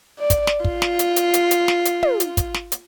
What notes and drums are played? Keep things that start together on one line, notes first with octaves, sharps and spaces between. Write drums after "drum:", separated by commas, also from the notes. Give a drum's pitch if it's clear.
D5
drum: kick, hi-hat
drum: snare
F4, drum: kick
drum: snare
drum: hi-hat
drum: hi-hat
drum: hi-hat
drum: hi-hat
drum: snare
drum: hi-hat
drum: tom
drum: hi-hat
drum: kick, hi-hat
drum: snare
drum: hi-hat